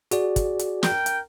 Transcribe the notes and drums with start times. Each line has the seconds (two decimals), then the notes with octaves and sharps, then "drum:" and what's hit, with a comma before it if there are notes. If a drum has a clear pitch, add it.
0.11 F#4 G#4 D5, drum: hi-hat
0.36 drum: kick, hi-hat
0.59 drum: hi-hat
0.83 A#4 G5, drum: snare
1.06 drum: hi-hat